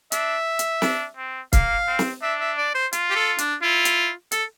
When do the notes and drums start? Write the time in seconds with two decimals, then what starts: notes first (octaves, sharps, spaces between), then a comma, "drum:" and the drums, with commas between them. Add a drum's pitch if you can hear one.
0.12 D4 E5, drum: hi-hat
0.59 drum: hi-hat
0.82 D4, drum: snare
1.17 C4
1.53 A#3 F5, drum: kick C#1, hi-hat
1.87 C4
1.99 drum: snare
2.22 D4 E5
2.40 E5
2.57 D5
2.74 C5
2.93 F4, drum: hi-hat
3.10 G4
3.16 A4
3.38 D4, drum: hi-hat
3.62 E4 F4
3.85 drum: hi-hat
4.32 A4, drum: hi-hat